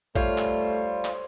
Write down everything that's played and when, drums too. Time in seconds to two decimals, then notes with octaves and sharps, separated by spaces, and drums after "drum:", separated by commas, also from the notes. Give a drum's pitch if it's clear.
0.15 G3 A3 F4 C5 C#5, drum: kick
0.38 drum: clap
1.05 drum: clap